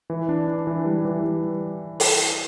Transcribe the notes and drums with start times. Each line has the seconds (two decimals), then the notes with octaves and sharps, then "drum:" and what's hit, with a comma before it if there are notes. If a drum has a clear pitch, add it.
0.10 E3
0.29 D4
0.48 D4
0.67 E3
0.86 G3
1.05 E3
1.24 G3
2.00 drum: open hi-hat